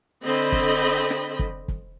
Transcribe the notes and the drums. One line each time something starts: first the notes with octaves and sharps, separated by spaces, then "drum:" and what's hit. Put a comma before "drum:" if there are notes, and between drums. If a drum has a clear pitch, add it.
D3 C4 D#5 B5
drum: kick
drum: snare
drum: kick
drum: kick